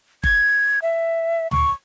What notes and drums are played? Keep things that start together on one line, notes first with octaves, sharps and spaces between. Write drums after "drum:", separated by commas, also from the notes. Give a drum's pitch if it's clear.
G#6, drum: kick G1
E5
C#6, drum: tom